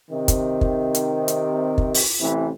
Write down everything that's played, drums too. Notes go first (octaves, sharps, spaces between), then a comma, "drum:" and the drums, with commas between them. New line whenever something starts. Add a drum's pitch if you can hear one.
C3 D#3
drum: kick, hi-hat
drum: kick
drum: hi-hat
drum: hi-hat
drum: kick
drum: open hi-hat
A1 C3 E3 E4